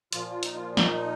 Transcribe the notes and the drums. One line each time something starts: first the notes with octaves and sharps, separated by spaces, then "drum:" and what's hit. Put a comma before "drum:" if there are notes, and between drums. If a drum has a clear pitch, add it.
A#2 F3 F4, drum: hi-hat
F4
D#4, drum: hi-hat
F4
D#4, drum: snare